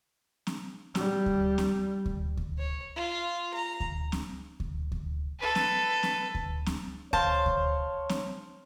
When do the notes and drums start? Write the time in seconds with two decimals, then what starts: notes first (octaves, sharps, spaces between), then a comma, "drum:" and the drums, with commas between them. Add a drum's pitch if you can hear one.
0.47 drum: snare
0.95 G3, drum: snare
1.26 drum: kick D2
1.58 drum: snare
2.06 drum: kick D2
2.37 drum: kick D2
2.58 C#5
2.96 F4
3.54 A#5
3.80 drum: kick D2
4.12 drum: snare
4.60 drum: kick D2
4.92 drum: kick D2
5.39 A4 B4
5.55 drum: snare
6.03 drum: snare
6.35 drum: kick D2
6.66 drum: snare
7.13 C5 C#5 F5 A5, drum: kick D2
7.46 drum: kick D2
8.09 drum: snare